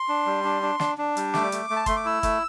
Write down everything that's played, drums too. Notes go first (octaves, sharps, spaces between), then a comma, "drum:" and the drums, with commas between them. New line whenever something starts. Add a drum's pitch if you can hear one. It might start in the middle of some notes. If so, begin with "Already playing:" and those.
Already playing: C6
D4
G3
D4
D4
D4, drum: snare
D4
G3, drum: hi-hat
A3 D6, drum: snare
A3, drum: hi-hat
A3
A5
A3 C6, drum: kick, hi-hat
D6
E4 E6
A3, drum: kick, hi-hat